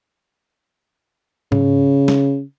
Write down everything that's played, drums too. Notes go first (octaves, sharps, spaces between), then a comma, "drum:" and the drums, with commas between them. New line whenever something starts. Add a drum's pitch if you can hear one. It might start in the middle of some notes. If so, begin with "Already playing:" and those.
C#3, drum: tom G#2
drum: snare